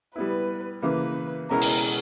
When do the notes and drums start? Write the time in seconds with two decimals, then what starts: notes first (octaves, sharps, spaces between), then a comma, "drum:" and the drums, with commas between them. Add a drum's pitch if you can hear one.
0.16 G3 B3 E4 B4
0.82 C#3 E3 A#3 B4
1.50 B2 G#3 C#4 E4 A#4
1.62 drum: open hi-hat